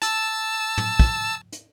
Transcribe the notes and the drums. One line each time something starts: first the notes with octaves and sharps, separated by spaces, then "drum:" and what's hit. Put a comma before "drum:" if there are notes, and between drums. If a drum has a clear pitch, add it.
A5 E6, drum: hi-hat
drum: tom
drum: kick
drum: hi-hat